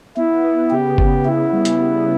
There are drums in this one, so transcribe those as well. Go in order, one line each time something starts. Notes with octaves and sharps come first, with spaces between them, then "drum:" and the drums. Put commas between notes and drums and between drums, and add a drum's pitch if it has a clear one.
B3 E4
B3
C#3 G4
C#3, drum: kick G1
C#3 E4
G3
drum: hi-hat
B3